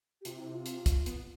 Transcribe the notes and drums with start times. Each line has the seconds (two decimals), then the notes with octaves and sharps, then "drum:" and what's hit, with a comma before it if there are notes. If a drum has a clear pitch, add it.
0.21 G4
0.25 C3 F4, drum: hi-hat
0.39 E4
0.52 F4
0.66 drum: hi-hat
0.86 drum: kick, hi-hat
1.06 B3, drum: hi-hat